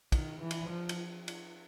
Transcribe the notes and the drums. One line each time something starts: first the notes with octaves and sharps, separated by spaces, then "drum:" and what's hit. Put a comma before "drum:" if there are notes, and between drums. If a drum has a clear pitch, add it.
D#3, drum: kick, cymbal
E3
drum: cymbal
F3
drum: cymbal
drum: cymbal